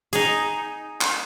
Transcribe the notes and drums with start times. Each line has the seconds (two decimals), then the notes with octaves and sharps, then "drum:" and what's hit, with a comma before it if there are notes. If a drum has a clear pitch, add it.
0.13 D#4 G#4, drum: hi-hat
1.01 drum: clap